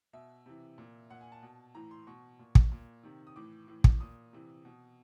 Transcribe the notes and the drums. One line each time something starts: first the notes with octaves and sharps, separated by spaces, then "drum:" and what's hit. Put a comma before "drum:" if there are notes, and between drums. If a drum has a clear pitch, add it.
B2 E5
C3 E3
A#2
A#2 F#5
G#5
A5
B2
A2 E3 A#5
C6
B2 C#6
A#2
drum: kick
A#2
C3 D#3
D#6
A2 E3 D6
A2 E3
drum: kick
A#2 D#6
C3 E3
B2